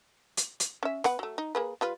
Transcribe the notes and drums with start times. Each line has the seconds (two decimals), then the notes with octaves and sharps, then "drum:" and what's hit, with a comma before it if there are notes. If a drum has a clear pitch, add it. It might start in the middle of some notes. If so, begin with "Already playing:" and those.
0.37 drum: hi-hat
0.60 drum: hi-hat
0.83 C#4 E5
1.04 B3 B4 F#5, drum: rim click
1.19 F#3 A3
1.38 D#4
1.55 A#3 G#4 B4
1.81 G3 F4 B4